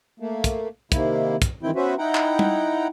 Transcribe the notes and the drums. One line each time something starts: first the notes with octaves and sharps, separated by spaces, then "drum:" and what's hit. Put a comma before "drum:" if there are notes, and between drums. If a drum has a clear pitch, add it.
A3 A#3
drum: kick, hi-hat
C3 D#3 A#3 E4, drum: kick, hi-hat
drum: kick, hi-hat
G2 D#3 E3 C4 E4 G5
B3 C#4 F#4 B4 C5 E5
D#4 E4 F#5 G5 A#5
drum: clap
drum: tom